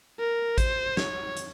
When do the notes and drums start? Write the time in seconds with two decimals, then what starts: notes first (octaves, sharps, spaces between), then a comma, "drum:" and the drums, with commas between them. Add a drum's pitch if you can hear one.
0.19 A#4
0.58 C5, drum: kick A1, hi-hat
0.97 C#5, drum: snare
1.37 drum: hi-hat